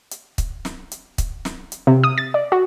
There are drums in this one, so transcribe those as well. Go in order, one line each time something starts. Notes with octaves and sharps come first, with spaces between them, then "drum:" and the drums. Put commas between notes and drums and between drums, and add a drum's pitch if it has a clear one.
drum: hi-hat
drum: kick C#1, hi-hat
drum: snare
drum: hi-hat
drum: kick C#1, hi-hat
drum: snare
drum: hi-hat
C3
D#6
A6
D5
F#4